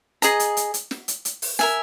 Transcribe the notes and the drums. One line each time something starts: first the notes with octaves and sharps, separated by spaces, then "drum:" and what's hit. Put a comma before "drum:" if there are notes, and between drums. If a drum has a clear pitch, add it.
G#4 D#5 A#5, drum: hi-hat
drum: hi-hat
drum: hi-hat
drum: hi-hat
drum: snare
drum: hi-hat
drum: hi-hat
drum: open hi-hat
A#4 E5 G#5, drum: snare